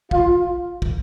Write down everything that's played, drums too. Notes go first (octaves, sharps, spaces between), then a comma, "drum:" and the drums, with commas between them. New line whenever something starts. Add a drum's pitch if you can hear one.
F4, drum: kick
drum: kick